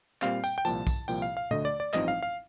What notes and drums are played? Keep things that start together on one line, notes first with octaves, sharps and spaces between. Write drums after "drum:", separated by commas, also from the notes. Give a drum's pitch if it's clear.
A#2 G3 C4 F5, drum: clap
G5, drum: tambourine
G5
C2 A#2 F3 A5, drum: tambourine
drum: kick B1, tambourine
C2 A#2 F3 G5, drum: tambourine
F5
F5
D2 D3 A3 D#5, drum: tom A#2
D5
D5
A1 G2 F3 C4 D#4 D#5, drum: clap
F5
F5